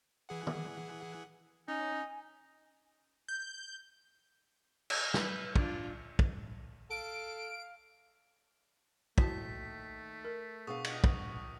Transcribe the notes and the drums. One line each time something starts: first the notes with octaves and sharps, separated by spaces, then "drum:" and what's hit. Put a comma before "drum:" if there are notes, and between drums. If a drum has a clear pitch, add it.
E3 G#4 F#5
drum: tom D#3
C#4 D#4 G#5
G6
drum: cymbal
B4, drum: snare
D4 F4, drum: kick
drum: kick
A4 F5 D7
D#2 D#3 A3 E4 F#4 A5 B6, drum: kick
A#4
B2 D4 G#4 F5 C#6 D#6
drum: cymbal
drum: kick